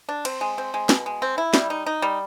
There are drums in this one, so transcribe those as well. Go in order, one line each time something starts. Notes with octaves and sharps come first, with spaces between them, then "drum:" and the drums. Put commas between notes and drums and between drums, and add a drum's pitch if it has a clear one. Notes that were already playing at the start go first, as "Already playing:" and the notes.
D4
C4, drum: cymbal
G#3
C4
G#3
B2, drum: snare
G#3
C4
E4
G3, drum: snare
D#4
D#4
G3